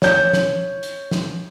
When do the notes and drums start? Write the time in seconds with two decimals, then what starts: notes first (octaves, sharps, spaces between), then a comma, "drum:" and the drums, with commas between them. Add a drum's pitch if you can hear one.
0.02 C#5 G6, drum: snare
0.33 drum: snare
0.83 drum: hi-hat
1.11 drum: snare